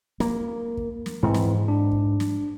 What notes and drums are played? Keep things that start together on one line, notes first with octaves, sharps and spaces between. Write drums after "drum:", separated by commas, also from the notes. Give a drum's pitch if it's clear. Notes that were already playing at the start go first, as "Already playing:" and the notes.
A#3, drum: snare
drum: kick
drum: snare
G#2 E3 C4 E4
drum: snare
D4
drum: kick
drum: snare